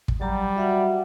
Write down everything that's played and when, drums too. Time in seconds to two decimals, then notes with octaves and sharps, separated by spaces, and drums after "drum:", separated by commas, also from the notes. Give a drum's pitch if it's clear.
0.08 drum: kick
0.21 F#3 G3 G4 A#5
0.56 F#4 E5 F#5